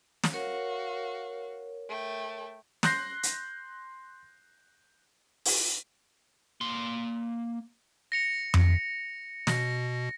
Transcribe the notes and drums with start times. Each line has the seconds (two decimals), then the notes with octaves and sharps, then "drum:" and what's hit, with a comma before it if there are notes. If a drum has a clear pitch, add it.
0.24 drum: snare
0.33 F#4 A#4 C#5 F5
1.89 A3 G5
2.83 C6 F#6 G6 A#6 C7, drum: snare
3.23 drum: hi-hat
5.45 drum: open hi-hat
6.61 A#3 C6
8.12 A#6 C#7 F7
8.54 drum: tom F2
9.47 B2 A#6, drum: snare